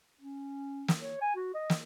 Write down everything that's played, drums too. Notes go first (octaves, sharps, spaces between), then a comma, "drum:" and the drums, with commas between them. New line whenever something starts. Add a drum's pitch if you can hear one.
C#4
drum: snare
C#5
G#5
F#4
D#5
drum: snare